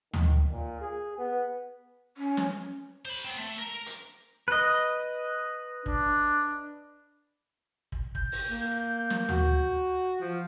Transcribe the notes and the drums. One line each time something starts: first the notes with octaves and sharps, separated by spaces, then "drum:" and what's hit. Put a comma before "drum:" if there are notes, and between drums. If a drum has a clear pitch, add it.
D#3, drum: tom
A#2
G#4
B3
C#4
drum: snare
C5 B5
B3 C4
A3
A#4
drum: hi-hat
B4 D#5
D4, drum: kick
drum: kick
G6, drum: kick
drum: open hi-hat
A#3
drum: snare
F#4, drum: tom
F3